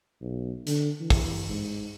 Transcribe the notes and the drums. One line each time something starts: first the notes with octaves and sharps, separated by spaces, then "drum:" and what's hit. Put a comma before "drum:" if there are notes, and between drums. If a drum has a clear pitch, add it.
B1
D3, drum: hi-hat
E3
drum: kick, open hi-hat
G#2